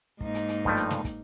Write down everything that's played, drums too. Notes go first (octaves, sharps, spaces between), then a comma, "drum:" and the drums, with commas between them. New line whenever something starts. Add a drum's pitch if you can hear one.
G#2 A#3 D#4, drum: kick
drum: hi-hat
drum: hi-hat
G2 F3 A3, drum: kick
drum: hi-hat
drum: snare
drum: kick, hi-hat